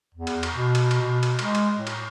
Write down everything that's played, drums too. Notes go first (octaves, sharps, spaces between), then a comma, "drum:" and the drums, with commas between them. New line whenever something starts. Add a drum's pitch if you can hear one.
E2
drum: cymbal
drum: cymbal
B2
drum: cymbal
drum: cymbal
B2
drum: cymbal
G#3, drum: cymbal
drum: cymbal
A2
drum: cymbal